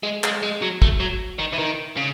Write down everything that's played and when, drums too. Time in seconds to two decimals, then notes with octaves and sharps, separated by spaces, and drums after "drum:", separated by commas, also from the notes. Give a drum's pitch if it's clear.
0.03 G#3
0.24 G#3, drum: clap
0.43 G#3
0.62 F#3
0.82 A3, drum: kick
1.00 F#3
1.39 D#3
1.53 E3
1.59 D#3
1.97 C#3